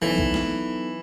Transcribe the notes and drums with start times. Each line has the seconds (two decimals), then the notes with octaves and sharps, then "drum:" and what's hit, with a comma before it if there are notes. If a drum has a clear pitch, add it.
0.02 E3 F#3 B3 D#4 A4
0.18 drum: kick
0.34 drum: snare